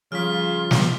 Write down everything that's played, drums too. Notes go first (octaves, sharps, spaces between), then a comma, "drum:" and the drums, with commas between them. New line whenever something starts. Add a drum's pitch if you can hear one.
C#3 F3 G3 F4 F6 B6
drum: snare